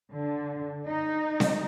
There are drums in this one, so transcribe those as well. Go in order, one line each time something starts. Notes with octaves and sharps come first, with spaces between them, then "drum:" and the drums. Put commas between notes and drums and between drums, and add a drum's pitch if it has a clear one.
D3
D#4
drum: snare C4